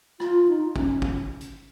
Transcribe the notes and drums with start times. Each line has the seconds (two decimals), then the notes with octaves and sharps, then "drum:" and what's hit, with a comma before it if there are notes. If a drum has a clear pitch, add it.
0.20 F4, drum: rim click
0.48 D#4
0.76 C#4, drum: kick
1.02 drum: kick
1.41 drum: hi-hat